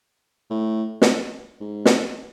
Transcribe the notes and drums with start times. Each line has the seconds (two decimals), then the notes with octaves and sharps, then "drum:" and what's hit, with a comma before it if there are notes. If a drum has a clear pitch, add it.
0.50 A2
1.02 drum: snare
1.61 G#2
1.85 drum: snare